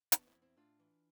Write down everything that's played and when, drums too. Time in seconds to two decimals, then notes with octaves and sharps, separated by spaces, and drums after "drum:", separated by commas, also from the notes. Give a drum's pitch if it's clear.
0.12 E2 B3 D4, drum: hi-hat
0.27 C4 E4
0.35 E2
0.42 C4 E4
0.57 A2 D4 F4
0.80 E3